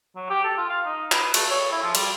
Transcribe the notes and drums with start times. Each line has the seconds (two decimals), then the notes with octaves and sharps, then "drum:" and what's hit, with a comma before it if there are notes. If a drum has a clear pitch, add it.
0.16 F#3
0.30 G4
0.44 A4
0.57 F4
0.69 F5
0.85 D#4
1.12 B4, drum: clap
1.34 A3, drum: cymbal
1.50 C#5
1.71 E4
1.83 F3
1.95 G3, drum: cymbal